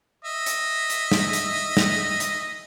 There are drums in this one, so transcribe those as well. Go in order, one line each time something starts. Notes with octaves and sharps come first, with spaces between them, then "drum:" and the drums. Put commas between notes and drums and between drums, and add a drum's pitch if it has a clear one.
D#5 E5
drum: hi-hat
drum: hi-hat
drum: snare
drum: hi-hat
drum: snare
drum: hi-hat